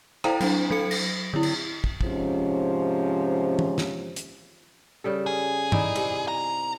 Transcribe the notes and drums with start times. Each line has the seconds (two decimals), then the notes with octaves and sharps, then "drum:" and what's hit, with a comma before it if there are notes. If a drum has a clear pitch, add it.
0.24 E4 A4 C5 F5 G5 A#5, drum: rim click
0.41 F#3 C4 D4, drum: cymbal
0.71 F#3 A4 C#7
0.91 A#6, drum: cymbal
1.33 D3 E4
1.43 drum: cymbal
1.84 drum: kick
2.01 G#2 C3 F3 C#4, drum: kick
3.59 drum: tom
3.78 drum: snare
4.16 drum: hi-hat
5.04 C#3 G3 A4
5.26 G#4
5.72 D#4 E4 D5, drum: tom G2
5.95 C3 C4, drum: cymbal
6.28 A#5